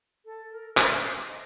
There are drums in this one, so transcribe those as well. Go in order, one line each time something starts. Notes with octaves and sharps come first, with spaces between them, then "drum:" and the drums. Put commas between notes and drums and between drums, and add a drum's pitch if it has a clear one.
A4
A#4
C5, drum: clap
D#5